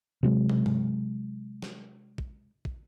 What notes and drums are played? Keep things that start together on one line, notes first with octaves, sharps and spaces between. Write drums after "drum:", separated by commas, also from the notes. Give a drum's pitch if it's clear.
C3 F#3 G#3
drum: tom
drum: tom G2
drum: snare
drum: kick
drum: kick